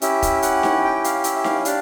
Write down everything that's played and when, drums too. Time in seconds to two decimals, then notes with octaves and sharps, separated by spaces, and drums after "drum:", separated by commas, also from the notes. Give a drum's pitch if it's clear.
0.02 C#4 E4 G4 E5, drum: hi-hat
0.22 drum: kick, hi-hat
0.42 F#5, drum: hi-hat
0.63 drum: snare D#4
0.84 G5
1.04 F5, drum: hi-hat
1.24 E5, drum: hi-hat
1.36 E5
1.44 F5, drum: snare D#4
1.65 D4 G4 F5, drum: hi-hat